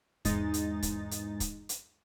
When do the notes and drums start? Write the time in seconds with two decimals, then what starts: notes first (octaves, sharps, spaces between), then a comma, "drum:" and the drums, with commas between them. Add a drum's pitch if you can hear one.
0.25 E2 G#2 G#3 D#4 A6, drum: kick, hi-hat
0.54 drum: hi-hat
0.82 drum: kick, hi-hat
1.11 drum: hi-hat
1.40 drum: kick, hi-hat
1.69 drum: hi-hat